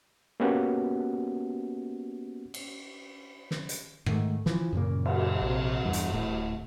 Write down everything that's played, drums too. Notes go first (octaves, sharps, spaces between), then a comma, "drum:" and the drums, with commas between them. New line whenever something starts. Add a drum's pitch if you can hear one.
A#3 B3 C#4 F#4 G4 F#5
drum: cymbal
drum: snare
drum: hi-hat
G#2 D#3 A3, drum: rim click
E3 F3, drum: snare
F#2 A#2 C#3 A#3
drum: cymbal
A#1 C3
E2 G2
drum: hi-hat
D1 A2